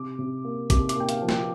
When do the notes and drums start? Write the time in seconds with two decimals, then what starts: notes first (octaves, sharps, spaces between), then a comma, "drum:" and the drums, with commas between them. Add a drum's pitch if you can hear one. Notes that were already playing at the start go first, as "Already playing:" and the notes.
Already playing: C3 D6
0.19 C3
0.45 A#3
0.70 C3 D6, drum: kick A1, hi-hat
0.89 D6, drum: hi-hat
0.96 A#3 G5
1.09 F5, drum: hi-hat
1.22 F3
1.29 G5, drum: snare